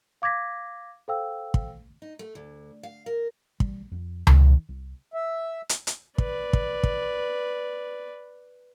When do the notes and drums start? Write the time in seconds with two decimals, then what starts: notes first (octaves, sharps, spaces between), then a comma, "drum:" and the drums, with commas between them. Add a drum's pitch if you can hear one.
0.22 F5 D6 G#6 A#6 B6
1.08 A4 C5 F5 G5 E6
1.54 drum: kick
2.02 D#4
2.19 A3
2.35 D2
2.83 F5
3.06 A#4
3.60 G3, drum: kick
3.91 F2
4.27 D#3, drum: tom C#2
4.69 C2
5.14 E5
5.69 drum: hi-hat
5.87 drum: hi-hat
6.18 B4 D5, drum: kick
6.53 drum: kick
6.83 drum: kick